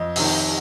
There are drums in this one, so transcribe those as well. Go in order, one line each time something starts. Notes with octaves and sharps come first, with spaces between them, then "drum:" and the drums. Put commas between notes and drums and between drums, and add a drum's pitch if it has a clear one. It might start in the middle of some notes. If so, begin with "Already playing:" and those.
Already playing: F2 D#5
C3 D#3, drum: open hi-hat